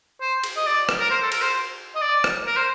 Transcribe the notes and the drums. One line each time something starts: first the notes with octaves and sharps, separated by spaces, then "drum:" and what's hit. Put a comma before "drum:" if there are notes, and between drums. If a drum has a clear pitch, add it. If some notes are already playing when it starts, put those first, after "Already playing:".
C5
drum: cymbal
D#5
D5
drum: rim click
A#4
C5
A4
A#4, drum: cymbal
C5
D#5
D5
drum: rim click
A#4
C5